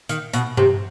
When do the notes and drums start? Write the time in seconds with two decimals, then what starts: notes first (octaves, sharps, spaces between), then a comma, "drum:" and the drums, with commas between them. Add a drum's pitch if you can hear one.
0.09 D#3, drum: hi-hat
0.34 B2, drum: hi-hat
0.57 C3, drum: tom G2